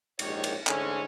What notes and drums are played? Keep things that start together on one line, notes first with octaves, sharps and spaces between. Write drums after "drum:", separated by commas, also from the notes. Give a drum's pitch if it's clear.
A#1 G#2 D#3 G4 C#5, drum: cymbal
drum: cymbal
G#2 D3 E3 G#3 A3 C#4, drum: clap